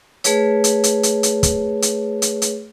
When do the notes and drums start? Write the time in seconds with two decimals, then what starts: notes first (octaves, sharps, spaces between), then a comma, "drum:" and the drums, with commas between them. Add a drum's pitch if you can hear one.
0.24 A3 G#4 B4 C#5, drum: hi-hat
0.64 drum: hi-hat
0.84 drum: hi-hat
1.03 drum: hi-hat
1.23 drum: hi-hat
1.43 drum: kick, hi-hat
1.82 drum: hi-hat
2.22 drum: hi-hat
2.42 drum: hi-hat